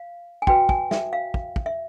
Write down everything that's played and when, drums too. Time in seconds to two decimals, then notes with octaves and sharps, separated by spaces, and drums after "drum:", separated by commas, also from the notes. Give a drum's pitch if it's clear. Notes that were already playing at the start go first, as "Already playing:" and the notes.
Already playing: F5
0.42 G#5
0.47 F#4 B4 G5, drum: kick
0.69 G#5, drum: kick
0.91 E5, drum: snare
1.13 F5
1.34 drum: kick
1.56 drum: kick
1.66 E5